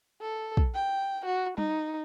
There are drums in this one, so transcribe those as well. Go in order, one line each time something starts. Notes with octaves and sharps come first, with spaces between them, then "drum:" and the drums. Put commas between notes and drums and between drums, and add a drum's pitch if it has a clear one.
A4
drum: kick
G5
F#4
D#4, drum: tom G3